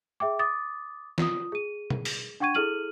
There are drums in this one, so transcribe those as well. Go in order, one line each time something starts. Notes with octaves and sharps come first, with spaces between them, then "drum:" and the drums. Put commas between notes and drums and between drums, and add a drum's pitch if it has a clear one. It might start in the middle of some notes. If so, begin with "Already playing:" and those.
G#4 E5 G5 D6
D6 D#6 A6
F4 D#6, drum: snare
G#4 D#7
drum: tom
drum: open hi-hat
D4 F#5 G5 C#6 G#6 D#7
E4 G#4 A4 F6 D#7 F#7